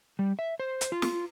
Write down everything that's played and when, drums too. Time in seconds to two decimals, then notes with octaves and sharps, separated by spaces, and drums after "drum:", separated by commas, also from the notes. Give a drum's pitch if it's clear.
0.19 G3
0.39 E5
0.60 C5
0.81 drum: hi-hat
0.92 F4
1.02 drum: snare